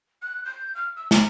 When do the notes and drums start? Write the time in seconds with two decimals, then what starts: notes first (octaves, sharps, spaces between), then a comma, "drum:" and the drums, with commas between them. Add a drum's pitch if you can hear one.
0.22 F#6
0.45 G6
0.75 F6
0.96 E6
1.11 A#5, drum: snare